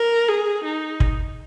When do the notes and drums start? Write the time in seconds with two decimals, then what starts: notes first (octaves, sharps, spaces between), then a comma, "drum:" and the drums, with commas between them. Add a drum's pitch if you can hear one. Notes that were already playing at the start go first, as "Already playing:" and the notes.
Already playing: A#4
0.28 G#4
0.64 D#4
1.00 drum: kick